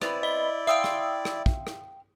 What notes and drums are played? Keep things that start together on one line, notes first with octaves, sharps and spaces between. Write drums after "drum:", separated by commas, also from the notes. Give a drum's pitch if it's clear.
B3 C4 E4 D5, drum: rim click
D#5 G7
E5 F5 G5 C6 D#6 E6
drum: rim click
drum: rim click
drum: kick
drum: rim click